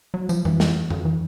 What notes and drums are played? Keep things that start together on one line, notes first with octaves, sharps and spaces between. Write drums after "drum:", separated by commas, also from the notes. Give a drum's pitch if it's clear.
F#3
F3, drum: tambourine
E3, drum: tom F2
drum: snare
drum: tom F2
E3